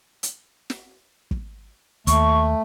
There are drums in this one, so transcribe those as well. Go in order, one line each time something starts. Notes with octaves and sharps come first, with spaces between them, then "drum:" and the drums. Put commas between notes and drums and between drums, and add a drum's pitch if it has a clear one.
drum: hi-hat
drum: snare
drum: kick
D#2 A3 C#6, drum: hi-hat